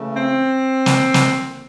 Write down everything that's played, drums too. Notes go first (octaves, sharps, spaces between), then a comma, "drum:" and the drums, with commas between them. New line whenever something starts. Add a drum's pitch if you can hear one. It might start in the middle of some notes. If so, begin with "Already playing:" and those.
Already playing: C#3 E3 A3
C4
drum: snare
drum: snare